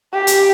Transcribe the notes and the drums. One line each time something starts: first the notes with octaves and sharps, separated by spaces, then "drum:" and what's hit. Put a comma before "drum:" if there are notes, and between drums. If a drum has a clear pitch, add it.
G4
drum: hi-hat